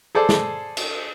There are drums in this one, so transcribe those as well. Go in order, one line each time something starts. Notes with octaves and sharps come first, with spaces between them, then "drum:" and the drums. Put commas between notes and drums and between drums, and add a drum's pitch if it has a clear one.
G#4 A4 C5 D5
drum: snare
drum: cymbal